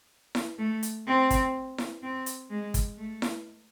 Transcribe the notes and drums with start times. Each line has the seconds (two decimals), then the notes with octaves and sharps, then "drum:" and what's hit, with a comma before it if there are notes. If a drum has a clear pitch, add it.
0.35 drum: snare E4
0.58 A3
0.83 drum: hi-hat
1.07 C4
1.30 drum: kick, hi-hat
1.78 drum: snare E4
2.03 C4
2.26 drum: hi-hat
2.50 G#3
2.74 drum: kick, hi-hat
2.98 A3
3.22 drum: snare E4